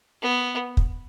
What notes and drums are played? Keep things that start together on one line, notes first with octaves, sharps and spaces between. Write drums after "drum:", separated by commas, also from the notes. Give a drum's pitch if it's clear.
B3
drum: kick